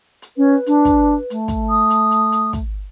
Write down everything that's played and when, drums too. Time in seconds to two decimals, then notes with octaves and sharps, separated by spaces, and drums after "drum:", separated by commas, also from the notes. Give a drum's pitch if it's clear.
0.22 drum: hi-hat
0.37 C#4 B4
0.66 D4, drum: hi-hat
0.85 drum: kick, hi-hat
1.30 A3, drum: hi-hat
1.48 drum: kick, hi-hat
1.69 D#6
1.90 drum: hi-hat
2.11 drum: hi-hat
2.32 drum: hi-hat
2.53 drum: kick, hi-hat